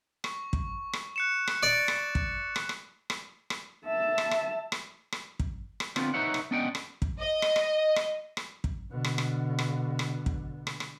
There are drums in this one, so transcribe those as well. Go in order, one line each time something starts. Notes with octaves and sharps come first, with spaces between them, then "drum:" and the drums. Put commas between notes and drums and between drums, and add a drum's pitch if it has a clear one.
C#6, drum: rim click
drum: kick
drum: rim click
F#6 C#7 E7
drum: rim click
D5
drum: rim click
drum: kick
drum: rim click
drum: rim click
drum: rim click
drum: rim click
E5 A5
drum: rim click
drum: rim click
drum: rim click
drum: rim click
drum: kick
drum: rim click
D3 B3 C4 F4, drum: rim click
D#4 B4 C#5 E5 F#5
drum: rim click
B3 C#4 D4 D#5 F#5 G5
drum: rim click
drum: kick
D#5
drum: rim click
drum: rim click
drum: rim click
drum: rim click
drum: kick
B2 D3
drum: rim click
drum: rim click
drum: rim click
drum: rim click
drum: kick
drum: rim click
drum: rim click